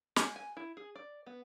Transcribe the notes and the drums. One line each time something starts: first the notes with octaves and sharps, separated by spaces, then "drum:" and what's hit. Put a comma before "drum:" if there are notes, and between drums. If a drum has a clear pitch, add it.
G#3, drum: snare
G#5
E4
G#4
D5
B3